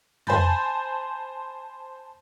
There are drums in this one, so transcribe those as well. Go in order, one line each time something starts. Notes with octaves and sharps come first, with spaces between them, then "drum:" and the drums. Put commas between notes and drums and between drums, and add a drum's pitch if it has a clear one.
C5 G#5 A5 B5 G6 A6, drum: tom F2